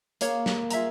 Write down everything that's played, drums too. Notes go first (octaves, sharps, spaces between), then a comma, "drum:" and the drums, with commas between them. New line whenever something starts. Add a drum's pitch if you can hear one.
A#3 G#4 C#5 F5, drum: hi-hat
drum: snare
F4 G#4 E5 A#5, drum: hi-hat